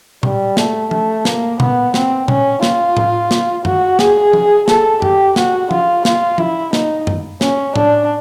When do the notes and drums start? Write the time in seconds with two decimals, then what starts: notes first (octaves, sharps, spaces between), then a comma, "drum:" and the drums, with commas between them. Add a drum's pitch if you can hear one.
0.23 G3, drum: tom A#2
0.57 A3, drum: snare
0.91 A3, drum: tom F3
1.25 A#3, drum: snare
1.60 B3, drum: tom A#2
1.94 C4, drum: snare
2.28 C#4, drum: tom A#2
2.63 F4, drum: snare
2.97 drum: tom A2
3.31 drum: snare
3.65 F#4, drum: tom F#2
3.99 G#4, drum: snare
4.33 drum: tom F3
4.68 A4, drum: snare
5.02 G4, drum: tom F#2
5.36 F#4, drum: snare
5.71 F4, drum: tom F3
6.05 F4, drum: snare
6.38 E4, drum: tom F3
6.73 D#4, drum: snare
7.07 drum: tom F#2
7.41 C#4, drum: snare
7.76 D4, drum: tom A2